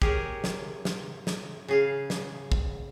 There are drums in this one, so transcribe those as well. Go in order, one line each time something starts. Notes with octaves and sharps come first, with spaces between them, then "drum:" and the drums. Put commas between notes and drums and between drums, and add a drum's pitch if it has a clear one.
G4 G#4 A#4 C#5, drum: kick
drum: snare
drum: snare
drum: snare
C#3 G#4 F5
drum: snare
drum: kick